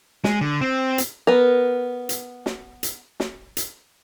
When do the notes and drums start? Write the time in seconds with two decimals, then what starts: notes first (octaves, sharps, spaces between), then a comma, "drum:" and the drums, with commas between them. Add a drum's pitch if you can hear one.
0.24 G#3, drum: snare
0.41 D3
0.61 C4
0.98 drum: hi-hat
1.27 B3 A#4
2.09 drum: hi-hat
2.46 drum: snare
2.83 drum: hi-hat
3.20 drum: snare
3.57 drum: hi-hat